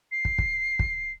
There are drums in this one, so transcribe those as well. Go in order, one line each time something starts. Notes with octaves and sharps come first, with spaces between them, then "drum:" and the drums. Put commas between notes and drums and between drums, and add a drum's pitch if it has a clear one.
C7
drum: kick
drum: kick
drum: kick